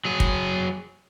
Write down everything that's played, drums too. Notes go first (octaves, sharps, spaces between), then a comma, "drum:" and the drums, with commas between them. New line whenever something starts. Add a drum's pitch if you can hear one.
F#3 G#4
drum: kick